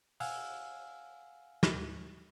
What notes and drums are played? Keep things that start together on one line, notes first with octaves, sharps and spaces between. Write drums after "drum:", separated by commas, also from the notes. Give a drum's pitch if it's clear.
F5 F#5 G#5 E6 F6, drum: open hi-hat
drum: snare